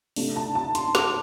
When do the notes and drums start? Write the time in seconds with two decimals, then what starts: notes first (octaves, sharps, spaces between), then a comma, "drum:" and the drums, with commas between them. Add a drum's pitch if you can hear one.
0.16 C3 A3 D4, drum: open hi-hat
0.36 A5
0.55 A5
0.75 C6, drum: hi-hat
0.95 D6, drum: snare